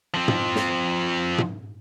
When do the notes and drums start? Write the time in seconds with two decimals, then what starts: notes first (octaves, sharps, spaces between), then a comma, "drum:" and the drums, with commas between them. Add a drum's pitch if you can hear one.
0.14 F3 C4
0.28 drum: tom
0.55 drum: snare
1.38 drum: tom